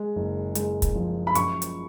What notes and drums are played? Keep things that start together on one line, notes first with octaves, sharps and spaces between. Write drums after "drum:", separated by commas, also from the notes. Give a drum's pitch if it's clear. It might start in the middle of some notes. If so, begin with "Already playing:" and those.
Already playing: G#3
F#1
G#3, drum: hi-hat
drum: kick, hi-hat
F3
B5
F#2 C#6, drum: hi-hat
drum: hi-hat